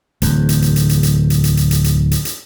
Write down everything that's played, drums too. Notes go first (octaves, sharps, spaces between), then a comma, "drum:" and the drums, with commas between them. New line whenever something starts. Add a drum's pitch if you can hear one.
D1 E2, drum: hi-hat
drum: hi-hat
drum: hi-hat
drum: hi-hat
drum: hi-hat
drum: hi-hat
drum: hi-hat
drum: hi-hat
drum: hi-hat
drum: hi-hat
drum: hi-hat
drum: hi-hat
drum: hi-hat